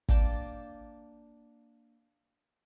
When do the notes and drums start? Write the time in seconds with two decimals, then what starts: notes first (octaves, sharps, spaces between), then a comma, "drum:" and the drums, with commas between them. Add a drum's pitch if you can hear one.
0.09 A#3 D4 G5 A5, drum: kick